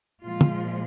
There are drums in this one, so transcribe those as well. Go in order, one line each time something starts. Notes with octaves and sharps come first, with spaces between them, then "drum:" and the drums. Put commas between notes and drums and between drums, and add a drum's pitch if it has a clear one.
A#2 F3 G#3 F4
drum: tom